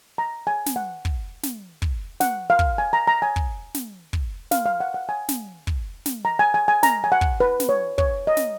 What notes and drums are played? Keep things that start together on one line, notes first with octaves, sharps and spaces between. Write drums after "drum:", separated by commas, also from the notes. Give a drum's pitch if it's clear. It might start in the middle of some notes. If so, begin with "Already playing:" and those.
A#5
G#5
drum: snare
F#5
drum: kick
drum: snare
drum: kick
F#5, drum: snare
F5
drum: kick
G#5
A#5
A#5
G#5
drum: kick
drum: snare
drum: kick
F5, drum: snare
F5
F#5
F#5
G#5
drum: snare
drum: kick
drum: snare
A#5
G#5
G#5
G#5
A#5, drum: snare
G#5
F#5
drum: kick
B4
drum: snare
C#5
C#5, drum: kick
D#5
drum: snare